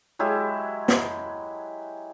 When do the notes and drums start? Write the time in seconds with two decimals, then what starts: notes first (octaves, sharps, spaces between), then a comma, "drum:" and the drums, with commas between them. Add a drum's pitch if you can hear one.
0.19 F#3 G#3 E4 G4
0.88 drum: snare